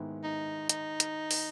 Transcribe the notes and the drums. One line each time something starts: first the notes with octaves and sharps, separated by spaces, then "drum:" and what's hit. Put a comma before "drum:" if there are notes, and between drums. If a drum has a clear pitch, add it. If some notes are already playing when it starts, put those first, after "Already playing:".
Already playing: G#2 D#3 G#3 B3 E4
D#4
D#4, drum: hi-hat
drum: hi-hat
drum: open hi-hat